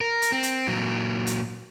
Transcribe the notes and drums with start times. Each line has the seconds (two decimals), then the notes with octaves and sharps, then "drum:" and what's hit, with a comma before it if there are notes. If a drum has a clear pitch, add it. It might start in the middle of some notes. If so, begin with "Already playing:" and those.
0.01 A#4
0.22 drum: hi-hat
0.32 C4
0.43 drum: hi-hat
0.68 A#2 F#3
1.27 drum: hi-hat